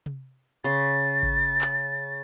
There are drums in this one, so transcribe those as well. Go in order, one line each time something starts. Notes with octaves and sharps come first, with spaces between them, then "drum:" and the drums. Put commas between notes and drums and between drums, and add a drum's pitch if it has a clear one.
drum: tom C3
C#3 C6 A6
drum: kick G#1
drum: clap